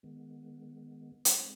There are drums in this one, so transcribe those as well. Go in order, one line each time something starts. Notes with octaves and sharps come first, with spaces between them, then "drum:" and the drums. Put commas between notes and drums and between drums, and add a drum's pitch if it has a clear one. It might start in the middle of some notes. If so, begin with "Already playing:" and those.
D#3 G#3 B3
drum: hi-hat
G#3 C4